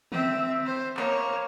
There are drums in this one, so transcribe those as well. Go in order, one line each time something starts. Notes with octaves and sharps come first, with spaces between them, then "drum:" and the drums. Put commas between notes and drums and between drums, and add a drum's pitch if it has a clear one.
C4 E5, drum: tom D3
C5
A#3 C#5, drum: clap